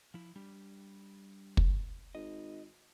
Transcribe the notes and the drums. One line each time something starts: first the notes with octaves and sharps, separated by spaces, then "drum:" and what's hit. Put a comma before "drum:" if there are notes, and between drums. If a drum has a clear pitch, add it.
F3 E4
G3 D4 G4
drum: kick
G#1 D#5